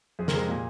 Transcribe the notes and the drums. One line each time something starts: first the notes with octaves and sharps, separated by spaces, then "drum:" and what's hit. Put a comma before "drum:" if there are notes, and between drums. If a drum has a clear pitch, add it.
F2 G#4
A#4, drum: snare
C3 G#3 G#4
A#2